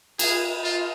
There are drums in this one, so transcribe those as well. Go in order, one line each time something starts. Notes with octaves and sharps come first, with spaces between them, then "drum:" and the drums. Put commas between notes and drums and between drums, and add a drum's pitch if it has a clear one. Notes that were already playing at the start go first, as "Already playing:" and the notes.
G#4, drum: cymbal
F4